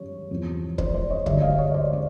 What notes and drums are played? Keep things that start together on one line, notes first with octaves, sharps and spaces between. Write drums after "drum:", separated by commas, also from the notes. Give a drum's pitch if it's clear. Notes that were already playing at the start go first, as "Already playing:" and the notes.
Already playing: F#2 D#3 G3 C#5
E2 C3 F3
C5 D5, drum: kick
C5 D5
C#5 D#5
D2 D3 G3 D5 E5, drum: kick
D#5 F5
C#5 D#5
C5 D5
D5